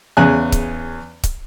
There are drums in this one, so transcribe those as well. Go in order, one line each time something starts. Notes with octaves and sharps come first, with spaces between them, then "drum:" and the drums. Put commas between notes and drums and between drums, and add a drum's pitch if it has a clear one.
E2 C#3 G#5 F#6
drum: kick C#1, hi-hat
drum: kick C#1, hi-hat